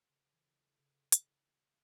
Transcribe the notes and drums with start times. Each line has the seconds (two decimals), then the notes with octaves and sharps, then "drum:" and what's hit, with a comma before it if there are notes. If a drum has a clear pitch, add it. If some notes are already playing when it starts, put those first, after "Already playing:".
Already playing: A3
0.09 C#3
0.32 E3
0.56 A3
0.79 C#3
1.12 drum: hi-hat